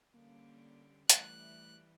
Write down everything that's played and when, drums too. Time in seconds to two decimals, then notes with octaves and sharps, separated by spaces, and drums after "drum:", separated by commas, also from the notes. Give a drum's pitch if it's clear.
0.14 D3 G3 A#3 C#4
1.10 E3 G3 A3 F#6, drum: hi-hat